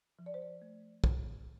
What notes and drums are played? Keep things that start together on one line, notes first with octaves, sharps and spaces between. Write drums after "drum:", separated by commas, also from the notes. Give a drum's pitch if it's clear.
F3
D5
C5
D5
A3
A2, drum: kick